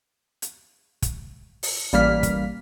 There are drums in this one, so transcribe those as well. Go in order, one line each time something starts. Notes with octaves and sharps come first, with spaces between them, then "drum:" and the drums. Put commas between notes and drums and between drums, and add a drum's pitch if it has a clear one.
drum: hi-hat
drum: kick, hi-hat
drum: open hi-hat
A1 G3 A#3 F6 B6
drum: kick, hi-hat